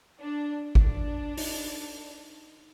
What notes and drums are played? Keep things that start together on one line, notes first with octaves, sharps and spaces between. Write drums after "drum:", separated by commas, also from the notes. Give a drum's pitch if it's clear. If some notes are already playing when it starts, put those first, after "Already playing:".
D4
D4
drum: kick G#1
D#4, drum: open hi-hat